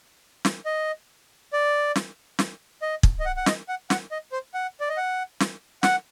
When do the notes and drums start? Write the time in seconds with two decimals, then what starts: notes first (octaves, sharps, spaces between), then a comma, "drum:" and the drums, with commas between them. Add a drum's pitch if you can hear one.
0.45 drum: snare
0.66 D#5
1.53 D5
1.96 drum: snare
2.39 drum: snare
2.82 D#5
3.03 drum: kick
3.20 D#5
3.25 F#5
3.37 F#5
3.46 D#5, drum: snare
3.69 F#5
3.90 F#5, drum: snare
4.11 D#5
4.32 C5
4.54 F#5
4.80 D5
4.89 D#5
4.97 F#5
5.40 drum: snare
5.83 F#5, drum: snare